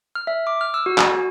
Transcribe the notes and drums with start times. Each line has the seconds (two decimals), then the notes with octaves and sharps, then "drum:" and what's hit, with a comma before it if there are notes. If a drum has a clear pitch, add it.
0.15 F6
0.27 E5
0.47 D6
0.61 F6
0.74 E6
0.86 F#4
0.98 G#5, drum: clap
1.17 F#4